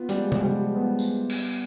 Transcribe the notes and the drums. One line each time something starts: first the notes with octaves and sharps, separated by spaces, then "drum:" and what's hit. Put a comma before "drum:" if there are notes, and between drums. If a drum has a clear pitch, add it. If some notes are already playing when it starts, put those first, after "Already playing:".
Already playing: B3 F4
F3 G3 G#3, drum: hi-hat
drum: tom C3
G3
B3
drum: tambourine
drum: cymbal